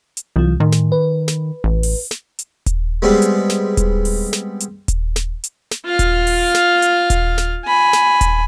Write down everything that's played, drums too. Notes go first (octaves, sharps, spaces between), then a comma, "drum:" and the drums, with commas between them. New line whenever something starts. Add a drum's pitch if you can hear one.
drum: hi-hat
C2 E3 F#3 F4
A2 D#3
drum: snare
B4
drum: snare
A1
drum: open hi-hat
drum: snare
drum: hi-hat
drum: kick D#1, hi-hat
G3 G#3 B3 C4
drum: hi-hat
drum: snare
drum: kick D#1, hi-hat
drum: open hi-hat
drum: snare
drum: hi-hat
drum: kick D#1, hi-hat
drum: snare
drum: hi-hat
drum: snare
F4 F5
drum: kick D#1, hi-hat
drum: open hi-hat
drum: snare
drum: hi-hat
drum: kick D#1, hi-hat
drum: snare
G#5 B5
drum: snare
drum: kick D#1, hi-hat